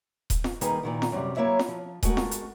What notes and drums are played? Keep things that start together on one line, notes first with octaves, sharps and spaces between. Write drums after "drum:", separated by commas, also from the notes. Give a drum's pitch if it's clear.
drum: kick D#1, hi-hat
drum: snare F4
D#3 G3 A#3 D#4 G#4 B4, drum: hi-hat
A#2 D#3 E4
drum: snare F4
F#2 C3 G3
F#3 A#3 E4 C#5 E5
drum: snare F4
F3
G#3 A3 F#4 A#4, drum: kick D#1, hi-hat
drum: snare F4
drum: hi-hat